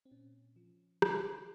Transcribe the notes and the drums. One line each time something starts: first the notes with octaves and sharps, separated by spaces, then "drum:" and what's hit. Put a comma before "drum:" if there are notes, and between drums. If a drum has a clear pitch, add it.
C4
A#2 C#4
F3
F3, drum: rim click